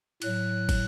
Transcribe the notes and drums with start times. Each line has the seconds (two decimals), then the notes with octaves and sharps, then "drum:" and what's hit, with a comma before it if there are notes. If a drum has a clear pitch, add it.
0.22 A2 F#3 F#6, drum: cymbal
0.69 drum: kick, cymbal